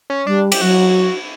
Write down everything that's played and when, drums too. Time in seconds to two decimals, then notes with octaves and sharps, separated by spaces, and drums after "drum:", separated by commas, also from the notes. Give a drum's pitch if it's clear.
0.10 C#4
0.26 G3 D4
0.52 G4, drum: cymbal
0.61 F#3 F#4